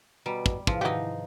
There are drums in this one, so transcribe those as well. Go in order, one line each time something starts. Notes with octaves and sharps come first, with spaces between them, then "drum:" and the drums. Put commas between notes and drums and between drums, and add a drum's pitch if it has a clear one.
B2 G3 A#5
drum: kick
G#2 C3 E3 F3, drum: kick
D#3 F3 D#4 E4 F#4 G4 B4